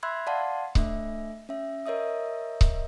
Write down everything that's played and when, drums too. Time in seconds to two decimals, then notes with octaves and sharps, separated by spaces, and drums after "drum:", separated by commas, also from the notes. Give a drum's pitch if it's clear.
0.03 E5 B5 C6 E6 F#6 G#6
0.27 D5 F5 F#5 A5 C6
0.75 A3 D4 E5, drum: kick C#1
1.49 C#4 E5
1.86 A#4 C#5 D#5 E5 D#6
2.61 drum: kick C#1